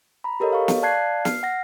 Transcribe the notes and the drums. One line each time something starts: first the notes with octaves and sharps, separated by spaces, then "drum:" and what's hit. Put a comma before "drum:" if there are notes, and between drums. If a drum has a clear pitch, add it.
A#5 B5
G4 A4 A#4 C#5 D#5
F5 C#6
drum: snare
D5 F5 A5 F#6 G#6 C7
F6 C7, drum: snare
F#5 A#6